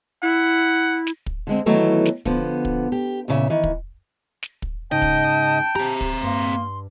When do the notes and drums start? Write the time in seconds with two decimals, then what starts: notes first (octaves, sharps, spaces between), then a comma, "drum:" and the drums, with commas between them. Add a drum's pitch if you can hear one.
0.23 E4 F#5
1.07 drum: snare
1.26 drum: kick
1.47 D3 G#3 C4
1.66 D#3 E3 F#3 A3 B3
2.05 drum: snare
2.25 D3 F3 B3, drum: kick
2.65 drum: kick
2.92 G4
3.28 E2 A#2 C#3 E5
3.50 D#3 E3
3.64 drum: kick
4.43 drum: snare
4.62 drum: kick
4.92 G#2 C#3 D#4 D#5 G5 A5
5.02 drum: kick
5.76 C4 G4 A#5
6.01 drum: kick
6.23 G2 A#3 C6